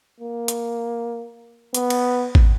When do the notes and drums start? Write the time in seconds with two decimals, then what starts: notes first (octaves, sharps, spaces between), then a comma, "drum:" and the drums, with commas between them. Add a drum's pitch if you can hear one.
0.21 A#3
0.48 drum: hi-hat
1.75 B3, drum: hi-hat
1.90 drum: cymbal
2.35 drum: kick G#1